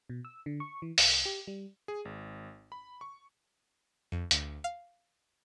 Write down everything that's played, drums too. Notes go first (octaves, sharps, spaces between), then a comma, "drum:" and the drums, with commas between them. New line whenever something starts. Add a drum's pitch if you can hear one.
B2
E6
D3
C#6
E3
C2, drum: open hi-hat
G4
G3
G#4
G#1
B5
C#6
F2
D2, drum: hi-hat
F5